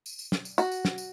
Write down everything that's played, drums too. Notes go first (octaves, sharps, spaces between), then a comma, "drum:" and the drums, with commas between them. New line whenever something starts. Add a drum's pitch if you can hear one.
drum: tambourine
drum: tambourine
drum: snare
drum: tambourine
F#4, drum: tambourine
drum: tambourine
drum: snare
drum: tambourine